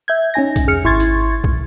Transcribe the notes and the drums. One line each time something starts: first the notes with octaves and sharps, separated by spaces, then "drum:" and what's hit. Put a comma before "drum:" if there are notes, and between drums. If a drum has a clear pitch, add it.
E5 G6 G#6
C#4 D#4 G#5 A#6
drum: kick, hi-hat
F2 G#4 F6 C#7
G#1 E4 C6 C#6 G#6 A6
drum: hi-hat
drum: kick